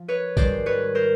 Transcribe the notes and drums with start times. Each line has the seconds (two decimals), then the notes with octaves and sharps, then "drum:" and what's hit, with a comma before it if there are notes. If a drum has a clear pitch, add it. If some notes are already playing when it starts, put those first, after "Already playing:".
Already playing: F3
0.08 B4 C#5
0.37 G#2 D#3 G3 C5 D5, drum: kick, tambourine
0.66 B4 C#5
0.95 A#4 C5